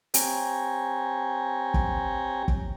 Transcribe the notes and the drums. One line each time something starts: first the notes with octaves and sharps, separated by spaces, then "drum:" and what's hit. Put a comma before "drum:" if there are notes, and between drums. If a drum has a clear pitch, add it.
C4 G4 C#5 G5 G#5 A#5, drum: hi-hat
drum: kick
drum: kick